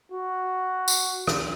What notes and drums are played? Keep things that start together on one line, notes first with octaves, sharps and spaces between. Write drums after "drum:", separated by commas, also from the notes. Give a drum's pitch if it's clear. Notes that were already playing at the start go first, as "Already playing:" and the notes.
F#4
drum: tambourine
drum: rim click